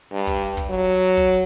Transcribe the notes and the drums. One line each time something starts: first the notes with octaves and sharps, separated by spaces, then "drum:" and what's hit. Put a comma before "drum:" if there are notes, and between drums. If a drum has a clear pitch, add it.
G2
drum: kick
drum: kick, hi-hat
F#3
drum: kick, hi-hat